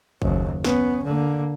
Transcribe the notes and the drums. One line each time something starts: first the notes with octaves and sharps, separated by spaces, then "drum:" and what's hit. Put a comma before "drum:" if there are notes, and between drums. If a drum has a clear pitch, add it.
F#1 D#2, drum: kick G1
B3 C#4, drum: snare
D3 A#3